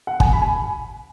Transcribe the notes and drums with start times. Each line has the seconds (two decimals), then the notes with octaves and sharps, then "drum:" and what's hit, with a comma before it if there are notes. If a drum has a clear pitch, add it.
0.07 F#5
0.20 G#5, drum: kick
0.33 B5
0.42 G#5